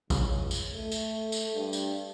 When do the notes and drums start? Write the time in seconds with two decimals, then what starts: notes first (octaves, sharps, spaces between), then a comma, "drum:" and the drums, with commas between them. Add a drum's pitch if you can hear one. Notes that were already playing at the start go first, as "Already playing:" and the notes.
0.10 C#2, drum: kick A#1, tambourine
0.51 drum: tambourine
0.73 A3
0.92 drum: tambourine
1.32 drum: tambourine
1.55 G2
1.73 drum: tambourine